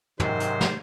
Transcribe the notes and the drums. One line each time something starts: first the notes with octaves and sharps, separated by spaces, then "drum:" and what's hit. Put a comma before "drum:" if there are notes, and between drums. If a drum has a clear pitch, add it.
G#2 C3 D#3 F#3 C5, drum: tom
drum: hi-hat
drum: snare